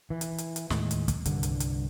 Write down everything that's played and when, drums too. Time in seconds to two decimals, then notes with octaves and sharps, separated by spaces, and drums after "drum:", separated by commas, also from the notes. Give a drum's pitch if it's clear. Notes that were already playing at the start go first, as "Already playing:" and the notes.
0.10 E3
0.21 drum: hi-hat
0.38 drum: hi-hat
0.56 drum: hi-hat
0.70 D#2 A2 G#3, drum: snare
0.91 drum: hi-hat
1.08 drum: kick, hi-hat
1.25 C2 G2 D3, drum: hi-hat
1.43 drum: hi-hat
1.60 drum: hi-hat